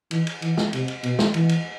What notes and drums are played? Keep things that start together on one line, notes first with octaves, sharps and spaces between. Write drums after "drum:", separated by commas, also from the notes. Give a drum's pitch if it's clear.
E3, drum: cymbal
drum: cymbal
E3, drum: cymbal
drum: snare
C3, drum: cymbal
drum: cymbal
B2, drum: cymbal
drum: snare
E3, drum: cymbal
drum: cymbal